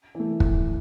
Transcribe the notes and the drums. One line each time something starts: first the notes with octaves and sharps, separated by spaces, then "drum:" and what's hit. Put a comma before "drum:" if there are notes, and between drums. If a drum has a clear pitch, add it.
E3 A3
drum: kick